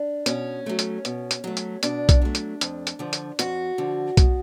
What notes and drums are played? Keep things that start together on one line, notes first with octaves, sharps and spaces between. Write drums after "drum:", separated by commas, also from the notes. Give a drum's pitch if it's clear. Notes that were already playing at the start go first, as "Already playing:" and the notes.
Already playing: D4
B2 C#4, drum: hi-hat
F#3 A3
drum: hi-hat
B2, drum: hi-hat
drum: hi-hat
F#3 A3
drum: hi-hat
B2 D4, drum: hi-hat
drum: kick B1, hi-hat
F#3 A3
drum: hi-hat
F2, drum: hi-hat
drum: hi-hat
D3 F3
drum: hi-hat
F2 F#4, drum: hi-hat
D3 F3
B2, drum: kick B1, hi-hat